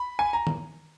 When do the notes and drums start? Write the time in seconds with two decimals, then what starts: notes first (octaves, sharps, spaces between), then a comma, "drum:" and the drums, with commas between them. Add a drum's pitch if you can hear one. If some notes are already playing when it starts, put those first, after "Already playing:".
Already playing: B5
0.19 G#5
0.33 A#5
0.47 drum: tom D#3